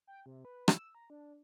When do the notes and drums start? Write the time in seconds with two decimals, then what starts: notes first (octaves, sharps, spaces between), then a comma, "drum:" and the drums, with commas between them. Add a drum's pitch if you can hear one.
0.07 G5
0.26 C3
0.45 B4
0.68 E6, drum: rim click
0.95 A#5
1.10 D4